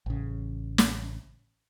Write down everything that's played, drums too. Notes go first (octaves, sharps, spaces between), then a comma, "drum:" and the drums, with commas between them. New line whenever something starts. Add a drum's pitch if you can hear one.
A1 C#3
drum: snare